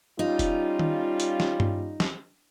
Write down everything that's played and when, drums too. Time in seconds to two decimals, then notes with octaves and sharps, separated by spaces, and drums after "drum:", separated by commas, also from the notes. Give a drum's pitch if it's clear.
0.19 G3 C#4 D#4 F4
0.39 drum: kick E1, hi-hat
0.79 drum: tom D#3
1.20 drum: hi-hat
1.40 drum: snare
1.60 drum: tom G2
2.00 drum: snare